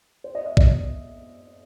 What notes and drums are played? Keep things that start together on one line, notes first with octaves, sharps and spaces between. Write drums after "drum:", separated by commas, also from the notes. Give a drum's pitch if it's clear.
C5
D#5
E5
D#5, drum: kick A#1